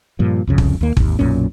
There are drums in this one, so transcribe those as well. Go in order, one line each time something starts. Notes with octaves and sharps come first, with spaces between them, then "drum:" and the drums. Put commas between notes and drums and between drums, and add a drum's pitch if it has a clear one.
G2 A#2 F3
C2 F2 C#3
drum: kick
D#2 A#3
G#1 D#2, drum: kick
B1 F#2 A#2 C#4